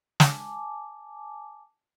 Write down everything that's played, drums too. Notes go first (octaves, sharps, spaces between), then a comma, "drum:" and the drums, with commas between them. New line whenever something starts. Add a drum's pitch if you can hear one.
G#5 A5 D6, drum: snare